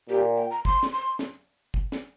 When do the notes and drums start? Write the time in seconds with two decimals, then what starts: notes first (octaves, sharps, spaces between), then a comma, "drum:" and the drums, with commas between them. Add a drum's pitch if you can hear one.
0.10 A#2 G4
0.37 G5
0.50 A#5
0.65 C6, drum: kick
0.83 drum: snare
0.92 C6
1.19 drum: snare
1.74 drum: kick
1.92 drum: snare